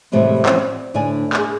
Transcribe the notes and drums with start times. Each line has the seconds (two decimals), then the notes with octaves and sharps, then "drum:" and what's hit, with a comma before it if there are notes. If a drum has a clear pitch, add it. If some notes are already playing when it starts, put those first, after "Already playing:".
0.12 F2 A2 C3 E3 G3 G#3
0.46 E3 F3 C4 C#4 F4, drum: clap
0.59 D5
0.94 D2 A2 D3 D4 D5 G#5
1.33 G#4 A#4, drum: clap